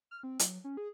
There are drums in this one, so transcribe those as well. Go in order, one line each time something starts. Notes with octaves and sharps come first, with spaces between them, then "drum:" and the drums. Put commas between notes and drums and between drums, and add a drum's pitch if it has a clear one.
F6
C4
F#3, drum: hi-hat
C#4
G#4